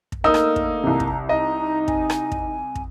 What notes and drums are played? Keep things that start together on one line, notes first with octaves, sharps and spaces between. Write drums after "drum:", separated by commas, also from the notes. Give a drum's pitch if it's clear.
drum: kick
D3 A3 A#3 D#4 A#4 D#6 E6
drum: rim click
drum: kick
C2 C3 A#5
drum: kick
D#4 D#5 A#5
G#5, drum: kick
drum: rim click
drum: kick
drum: kick